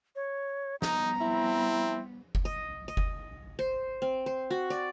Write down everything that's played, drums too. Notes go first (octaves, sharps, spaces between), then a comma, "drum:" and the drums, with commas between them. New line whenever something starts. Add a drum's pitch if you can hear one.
C#5
G3 B3 D#4 A#5, drum: snare
C4 E4
drum: kick F#1
D#5
D#5
drum: kick F#1
C5
C4
C5
F#4
D5